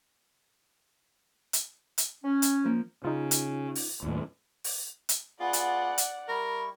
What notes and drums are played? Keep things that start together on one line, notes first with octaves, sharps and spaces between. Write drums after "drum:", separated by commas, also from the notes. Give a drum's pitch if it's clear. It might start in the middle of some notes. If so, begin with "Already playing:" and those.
drum: hi-hat
drum: hi-hat
C#4
drum: hi-hat
F3 A#3
C#3 D#4 F4
drum: hi-hat
drum: open hi-hat
D#2 A2
drum: open hi-hat
drum: hi-hat
B3 F4 G#4 D5 F#5
drum: hi-hat
drum: hi-hat
G3 E4 A#4 C#6